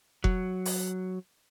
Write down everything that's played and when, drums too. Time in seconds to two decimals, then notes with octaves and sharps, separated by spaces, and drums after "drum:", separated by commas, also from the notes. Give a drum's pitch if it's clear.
0.24 F#3, drum: kick F1
0.65 drum: open hi-hat